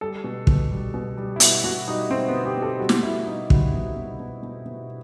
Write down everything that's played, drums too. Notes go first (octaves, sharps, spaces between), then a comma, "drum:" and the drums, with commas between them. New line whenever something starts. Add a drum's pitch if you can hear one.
G3 A4
B2
B2, drum: kick
G3
B2
G3
E4
B2 F#4, drum: hi-hat
B2 F#4
G3 D#4
B2 C4
B3
B2
G4
B2 A4
G3 F#4
drum: snare
B2 E4
B2 D#4
G3 F#4, drum: kick
B2
B2
B2
B2
B2